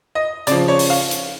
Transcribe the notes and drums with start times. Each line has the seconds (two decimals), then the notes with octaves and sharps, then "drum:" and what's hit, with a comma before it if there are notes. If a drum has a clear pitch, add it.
0.15 D#5
0.47 C#3 F3 D5, drum: hi-hat
0.68 C#5
0.79 drum: open hi-hat
0.90 F5
1.11 drum: hi-hat